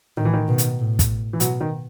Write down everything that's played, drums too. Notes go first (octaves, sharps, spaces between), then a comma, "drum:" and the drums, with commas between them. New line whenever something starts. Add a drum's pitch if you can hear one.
A2 D#3
E3
D#3
B2
drum: hi-hat
A2
drum: kick, hi-hat
E3
B2 F#3, drum: hi-hat
D#3